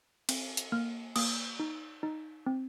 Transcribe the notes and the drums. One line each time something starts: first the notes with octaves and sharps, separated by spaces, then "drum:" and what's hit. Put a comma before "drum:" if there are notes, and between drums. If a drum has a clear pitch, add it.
C4, drum: cymbal
drum: hi-hat
A#3 F6
A#3 D#6, drum: cymbal
D#4
D#4
C4